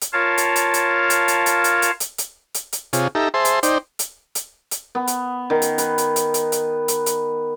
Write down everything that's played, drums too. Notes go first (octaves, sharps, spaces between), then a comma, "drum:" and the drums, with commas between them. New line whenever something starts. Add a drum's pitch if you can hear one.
drum: hi-hat
F4 A#4 C#5 F5 A5
drum: hi-hat
drum: hi-hat
drum: hi-hat
drum: hi-hat
drum: hi-hat
drum: hi-hat
drum: hi-hat
drum: hi-hat
drum: hi-hat
drum: hi-hat
drum: hi-hat
drum: hi-hat
C3 F4 G#4 C#5, drum: hi-hat
D#4 G4 A4 E5 A#5
G#4 C5 E5 A5 C6
drum: hi-hat
D#4 C5 D5 G5, drum: hi-hat
drum: hi-hat
drum: hi-hat
drum: hi-hat
B3
drum: hi-hat
D#3
drum: hi-hat
B4, drum: hi-hat
drum: hi-hat
drum: hi-hat
drum: hi-hat
drum: hi-hat
drum: hi-hat
drum: hi-hat